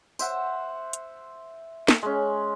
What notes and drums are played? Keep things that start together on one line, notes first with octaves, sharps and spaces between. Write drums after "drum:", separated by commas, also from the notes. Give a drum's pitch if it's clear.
C5 E5 F#5, drum: tambourine
drum: hi-hat
drum: snare
G#3 C#4